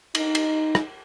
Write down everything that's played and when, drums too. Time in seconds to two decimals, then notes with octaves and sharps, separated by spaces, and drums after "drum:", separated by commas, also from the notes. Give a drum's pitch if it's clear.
0.15 D#4, drum: cymbal
0.35 drum: cymbal
0.75 drum: rim click